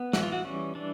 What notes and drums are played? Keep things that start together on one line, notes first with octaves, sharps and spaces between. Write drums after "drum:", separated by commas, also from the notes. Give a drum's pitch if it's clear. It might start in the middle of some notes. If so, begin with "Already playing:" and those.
Already playing: B3
E3 F#4, drum: snare
F4
F#4
G3 C#4
E3 D4